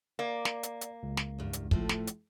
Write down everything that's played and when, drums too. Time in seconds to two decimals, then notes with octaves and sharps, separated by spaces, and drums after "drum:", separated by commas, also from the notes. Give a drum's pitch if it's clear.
0.19 A#3 D5
0.45 drum: snare
0.63 drum: hi-hat
0.81 drum: hi-hat
1.03 C#2
1.17 drum: snare
1.38 E2 G2
1.53 drum: hi-hat
1.71 A2 F3 A3, drum: kick
1.89 drum: snare
2.07 drum: hi-hat